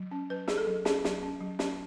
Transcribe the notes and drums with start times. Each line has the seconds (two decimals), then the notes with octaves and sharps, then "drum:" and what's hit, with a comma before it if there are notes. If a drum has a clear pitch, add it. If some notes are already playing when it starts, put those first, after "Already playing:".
Already playing: F#3
0.11 C#4
0.30 F#3 B4
0.48 C#4 G#4, drum: snare
0.58 A4
0.67 F#3
0.85 C#4 G#4, drum: snare
1.04 F#3, drum: snare
1.23 C#4
1.41 F#3
1.59 C#4, drum: snare